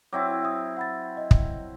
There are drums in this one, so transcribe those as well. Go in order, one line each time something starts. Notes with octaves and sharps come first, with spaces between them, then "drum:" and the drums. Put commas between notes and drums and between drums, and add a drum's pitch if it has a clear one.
F#3 C4 E4 D6
E5 D#6
F#5 B5 A6
D#5
drum: kick